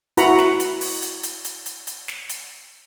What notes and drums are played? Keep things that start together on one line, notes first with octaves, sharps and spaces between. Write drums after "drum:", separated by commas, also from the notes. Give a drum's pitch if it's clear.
E4 F#4 B4 F#5 A#5 B5, drum: hi-hat
drum: snare
drum: hi-hat
drum: open hi-hat
drum: hi-hat
drum: hi-hat
drum: hi-hat
drum: hi-hat
drum: hi-hat
drum: snare
drum: hi-hat